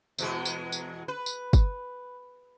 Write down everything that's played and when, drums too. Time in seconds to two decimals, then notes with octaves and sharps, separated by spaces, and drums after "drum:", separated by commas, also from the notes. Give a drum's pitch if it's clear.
0.19 E2 B2 G#3, drum: tambourine
0.45 drum: tambourine
0.72 drum: tambourine
1.08 B4
1.26 drum: tambourine
1.53 drum: kick, tambourine